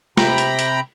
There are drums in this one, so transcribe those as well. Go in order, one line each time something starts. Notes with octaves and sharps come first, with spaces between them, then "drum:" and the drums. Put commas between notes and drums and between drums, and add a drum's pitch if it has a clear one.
C3 G5 A#5 B5, drum: snare
drum: hi-hat
drum: hi-hat